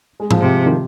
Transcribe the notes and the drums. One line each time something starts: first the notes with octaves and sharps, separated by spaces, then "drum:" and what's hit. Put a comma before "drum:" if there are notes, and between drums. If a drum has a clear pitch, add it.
G#3
F3, drum: tom G#2
C3
D#3